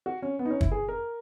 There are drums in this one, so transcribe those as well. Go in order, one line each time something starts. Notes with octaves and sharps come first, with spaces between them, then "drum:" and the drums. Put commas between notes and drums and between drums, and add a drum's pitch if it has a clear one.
F#4
C#4
B3
D#4
C#4
E4, drum: kick
G#4
A#4